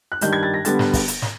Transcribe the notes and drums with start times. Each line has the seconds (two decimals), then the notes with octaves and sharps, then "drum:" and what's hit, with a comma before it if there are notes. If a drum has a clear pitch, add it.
0.12 F#6
0.21 G2 D#3 G3 G6, drum: hi-hat
0.33 G#6
0.43 A6
0.54 A#6
0.65 D3 G3 B3 A6, drum: hi-hat
0.79 drum: snare
0.94 drum: kick, open hi-hat
1.08 drum: hi-hat
1.22 drum: snare